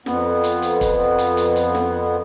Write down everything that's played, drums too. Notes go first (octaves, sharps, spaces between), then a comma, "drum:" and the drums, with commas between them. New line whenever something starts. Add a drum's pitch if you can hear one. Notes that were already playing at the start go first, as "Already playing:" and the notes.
F2 B3, drum: snare
drum: hi-hat
drum: hi-hat
drum: kick, hi-hat
drum: hi-hat
drum: hi-hat
drum: hi-hat
drum: snare